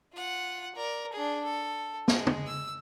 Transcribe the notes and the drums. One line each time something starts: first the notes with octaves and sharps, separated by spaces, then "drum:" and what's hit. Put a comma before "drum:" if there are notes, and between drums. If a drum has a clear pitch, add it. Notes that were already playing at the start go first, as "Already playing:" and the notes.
F4 F#5
A#4 D5
D4 G#4
A4
G#3, drum: snare
drum: tom
E6